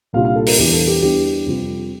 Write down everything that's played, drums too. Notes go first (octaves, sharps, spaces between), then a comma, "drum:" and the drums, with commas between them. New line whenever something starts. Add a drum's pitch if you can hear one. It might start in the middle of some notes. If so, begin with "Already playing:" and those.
C2 A#2 G3 D4 F4 F5
F5
A4
A#4, drum: open hi-hat
E2 E3 G3 D4 G4
A4
G4
E2 E3 G3 D4 G4
F2 C3 G3 C4 F4